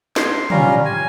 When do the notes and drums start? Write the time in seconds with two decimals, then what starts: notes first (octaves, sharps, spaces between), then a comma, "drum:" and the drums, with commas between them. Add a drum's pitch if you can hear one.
0.16 C6, drum: snare
0.50 G3 C#4 F4 A#5, drum: tom
0.85 G#5